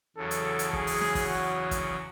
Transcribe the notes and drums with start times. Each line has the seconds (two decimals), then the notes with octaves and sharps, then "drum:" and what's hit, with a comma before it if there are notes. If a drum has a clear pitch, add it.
0.16 E2 C#3 F#3 A4
0.31 drum: hi-hat
0.59 drum: hi-hat
0.73 G#4, drum: kick G1
0.87 drum: open hi-hat
1.01 drum: snare
1.15 drum: kick G1, open hi-hat
1.29 F#4
1.71 drum: kick G1, hi-hat